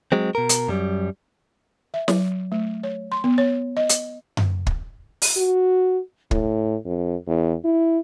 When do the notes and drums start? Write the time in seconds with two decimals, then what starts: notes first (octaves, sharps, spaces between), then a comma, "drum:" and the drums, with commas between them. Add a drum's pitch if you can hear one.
0.12 F#3 G#3 C4
0.35 B2 A#4
0.49 drum: hi-hat
0.68 F#2 G3
1.94 E5
2.08 F#3, drum: snare
2.52 A3
2.83 C#5
3.12 C6
3.24 B3
3.38 C#5
3.77 D#5
3.89 drum: hi-hat
4.37 drum: tom F#2
4.67 drum: kick
5.22 drum: open hi-hat
5.37 F#4
6.31 A2, drum: kick
6.85 F2
7.27 E2
7.65 E4